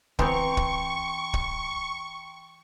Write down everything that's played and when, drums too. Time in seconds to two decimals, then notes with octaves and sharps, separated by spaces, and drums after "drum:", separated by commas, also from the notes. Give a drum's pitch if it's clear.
0.19 E3 B3 C4 G5 A#5 C6 C#6, drum: kick
0.57 drum: kick
1.33 drum: kick